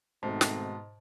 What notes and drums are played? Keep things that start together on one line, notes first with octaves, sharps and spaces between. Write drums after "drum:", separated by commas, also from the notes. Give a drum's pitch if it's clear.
G#2 B2 D#3 A3 C4 C5 A5
drum: snare